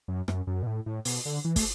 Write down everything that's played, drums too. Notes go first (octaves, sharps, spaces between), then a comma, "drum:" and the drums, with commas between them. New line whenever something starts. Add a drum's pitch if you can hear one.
F#2
F#2, drum: rim click
F#2
B2
A2
A2
B2, drum: open hi-hat
D3
E3
A3, drum: kick, open hi-hat